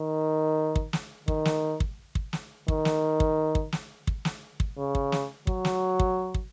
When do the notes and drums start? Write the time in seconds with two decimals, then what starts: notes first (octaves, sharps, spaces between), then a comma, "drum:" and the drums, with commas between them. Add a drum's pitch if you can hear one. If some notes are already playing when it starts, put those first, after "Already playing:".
Already playing: D#3
0.76 drum: kick
0.93 drum: snare
1.28 D#3, drum: kick
1.45 drum: snare
1.80 drum: kick
2.15 drum: kick
2.33 drum: snare
2.68 D#3, drum: kick
2.85 drum: snare
3.20 drum: kick
3.55 drum: kick
3.72 drum: snare
4.07 drum: kick
4.25 drum: snare
4.60 drum: kick
4.78 C#3
4.95 drum: kick
5.12 drum: snare
5.47 F#3, drum: kick
5.65 drum: snare
6.00 drum: kick
6.34 drum: kick